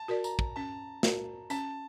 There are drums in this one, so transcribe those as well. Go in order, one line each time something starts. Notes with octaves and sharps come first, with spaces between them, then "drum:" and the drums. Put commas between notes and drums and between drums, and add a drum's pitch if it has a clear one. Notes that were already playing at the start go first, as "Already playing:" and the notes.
Already playing: A5
F#4 A#4 D5
A#5, drum: tambourine
drum: kick
C#4 A5
F#4 A#4 D5, drum: snare
C#4 A5, drum: tambourine